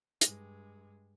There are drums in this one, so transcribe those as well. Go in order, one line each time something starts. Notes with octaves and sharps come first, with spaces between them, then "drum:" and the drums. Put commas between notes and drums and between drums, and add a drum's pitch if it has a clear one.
G2 G#3, drum: hi-hat